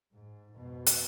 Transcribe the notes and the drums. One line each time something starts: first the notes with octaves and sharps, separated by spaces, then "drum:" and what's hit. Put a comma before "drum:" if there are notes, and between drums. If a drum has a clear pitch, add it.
G#2
F2 G#2 B2
drum: hi-hat